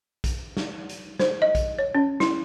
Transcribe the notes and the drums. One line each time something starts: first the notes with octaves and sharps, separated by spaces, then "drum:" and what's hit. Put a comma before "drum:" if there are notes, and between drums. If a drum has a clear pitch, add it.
drum: kick A#1, hi-hat
drum: snare
drum: hi-hat
C5, drum: snare
D#5
drum: kick A#1, hi-hat
C#5
C#4
E4, drum: snare